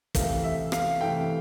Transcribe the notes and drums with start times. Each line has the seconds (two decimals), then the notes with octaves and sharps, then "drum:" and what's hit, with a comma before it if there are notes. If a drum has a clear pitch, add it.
0.15 C3 E3 A3 F5, drum: kick, hi-hat
0.44 E5
0.72 F5, drum: rim click
1.01 C3 E3 A3 G5